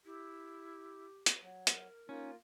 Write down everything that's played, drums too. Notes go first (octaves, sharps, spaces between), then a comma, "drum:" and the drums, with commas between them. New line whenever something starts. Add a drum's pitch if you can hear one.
E4 G4
drum: hi-hat
F#3
A#4, drum: hi-hat
A#3 C#4 D#4 F4